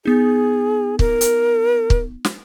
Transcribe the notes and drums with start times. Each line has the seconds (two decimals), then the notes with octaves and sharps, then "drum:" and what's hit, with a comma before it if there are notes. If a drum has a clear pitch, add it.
0.05 B3 D#4 G#4
0.99 A#4, drum: kick
1.21 drum: hi-hat
1.90 drum: kick
2.25 drum: snare